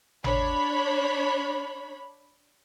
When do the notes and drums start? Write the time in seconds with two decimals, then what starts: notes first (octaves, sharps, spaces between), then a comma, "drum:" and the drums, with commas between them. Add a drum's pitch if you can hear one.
0.24 D4 C#5 B5, drum: tom G#1